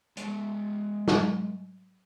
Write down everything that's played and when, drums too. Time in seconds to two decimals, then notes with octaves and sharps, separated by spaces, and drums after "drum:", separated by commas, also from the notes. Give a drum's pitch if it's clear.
0.17 G#3 E5, drum: hi-hat
1.08 drum: snare